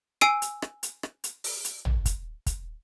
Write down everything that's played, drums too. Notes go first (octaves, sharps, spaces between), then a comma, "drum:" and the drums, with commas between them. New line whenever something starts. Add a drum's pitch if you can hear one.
G#5 E6 C7 D7 D#7, drum: rim click
drum: hi-hat
drum: rim click
drum: hi-hat
drum: rim click
drum: hi-hat
drum: open hi-hat
drum: hi-hat
drum: tom
drum: kick, hi-hat
drum: kick, hi-hat